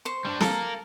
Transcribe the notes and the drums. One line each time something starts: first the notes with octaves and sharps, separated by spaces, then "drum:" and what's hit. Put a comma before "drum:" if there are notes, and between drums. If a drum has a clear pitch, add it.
C5 C#6
G3 D4
A4 A#4 F5, drum: snare